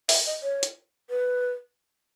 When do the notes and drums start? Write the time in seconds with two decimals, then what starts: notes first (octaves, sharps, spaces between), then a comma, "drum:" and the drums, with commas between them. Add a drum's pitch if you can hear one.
0.09 E5, drum: open hi-hat
0.27 D#5
0.43 C#5
0.63 drum: hi-hat
1.10 B4